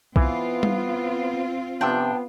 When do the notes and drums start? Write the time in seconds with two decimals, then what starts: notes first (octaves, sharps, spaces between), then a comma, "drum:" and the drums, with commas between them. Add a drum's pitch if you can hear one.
0.16 E3 B3 C4 F4, drum: kick
0.63 drum: tom G3
1.81 C3 F3 B3 D4 G5